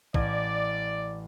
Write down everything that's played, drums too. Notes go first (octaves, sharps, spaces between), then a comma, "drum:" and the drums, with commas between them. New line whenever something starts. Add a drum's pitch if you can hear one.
A1 D5 D#5 G#6, drum: kick